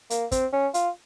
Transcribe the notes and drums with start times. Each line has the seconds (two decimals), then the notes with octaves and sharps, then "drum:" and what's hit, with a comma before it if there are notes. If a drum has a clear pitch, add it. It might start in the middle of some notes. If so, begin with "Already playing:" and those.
0.10 A#3, drum: hi-hat
0.32 C4, drum: kick, hi-hat
0.53 C#4
0.74 F4, drum: hi-hat